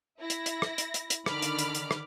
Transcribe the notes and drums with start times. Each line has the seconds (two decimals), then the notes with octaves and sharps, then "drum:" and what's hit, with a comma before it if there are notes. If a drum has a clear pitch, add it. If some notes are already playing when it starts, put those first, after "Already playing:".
0.21 E4 A#6
0.30 drum: hi-hat
0.46 drum: hi-hat
0.62 drum: rim click
0.78 drum: hi-hat
0.94 drum: hi-hat
1.10 drum: hi-hat
1.26 D3 D#3 B5 D6 F6, drum: rim click
1.42 drum: hi-hat
1.59 drum: hi-hat
1.75 drum: hi-hat
1.91 drum: rim click